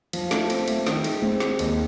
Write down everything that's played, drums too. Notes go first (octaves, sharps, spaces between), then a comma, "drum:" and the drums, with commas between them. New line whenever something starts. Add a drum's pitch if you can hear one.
F3, drum: cymbal
A3, drum: snare
C4, drum: cymbal
A3, drum: cymbal
D#3, drum: snare
G#3, drum: cymbal
C4, drum: tom G#3
G#3, drum: snare
D#2, drum: cymbal